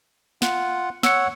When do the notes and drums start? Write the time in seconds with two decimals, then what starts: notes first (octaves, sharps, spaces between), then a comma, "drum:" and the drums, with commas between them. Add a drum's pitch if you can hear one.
0.42 F4 F#5, drum: snare
1.03 C#5 F#5 E6 C#7, drum: snare